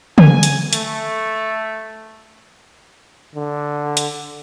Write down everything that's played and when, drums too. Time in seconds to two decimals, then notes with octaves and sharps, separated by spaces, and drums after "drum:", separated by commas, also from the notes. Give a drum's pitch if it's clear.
0.18 G#5, drum: tom C#3
0.43 drum: hi-hat
0.73 A3, drum: hi-hat
3.35 D3
3.97 drum: hi-hat